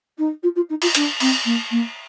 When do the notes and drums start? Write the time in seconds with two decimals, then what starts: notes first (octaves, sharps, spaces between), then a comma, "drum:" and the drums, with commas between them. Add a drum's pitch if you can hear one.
0.18 D#4
0.43 F4
0.55 F4
0.69 D#4
0.82 F4, drum: cymbal
0.95 D4, drum: hi-hat
1.20 C4, drum: cymbal
1.45 A#3
1.71 A#3